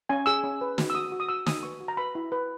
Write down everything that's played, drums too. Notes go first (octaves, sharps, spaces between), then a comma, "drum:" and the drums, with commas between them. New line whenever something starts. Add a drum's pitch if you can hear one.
C#4 G#5
G#4 E6
C#4
B4
F#4, drum: snare
E6
F#4 D#6
F#4
D#6
F#4 E6
F#4 D#6, drum: snare
B4 C#6
F#4
A#5
B4 B5
E4
B4